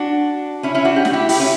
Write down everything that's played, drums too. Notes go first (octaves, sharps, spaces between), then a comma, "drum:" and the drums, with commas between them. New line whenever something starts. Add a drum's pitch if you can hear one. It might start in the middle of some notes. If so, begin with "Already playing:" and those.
Already playing: D4 F#4
C#4 E4
C#4 E4
D4 F#4
G4
F#4, drum: snare
E4 G4
E4 G4, drum: open hi-hat
C#4 E4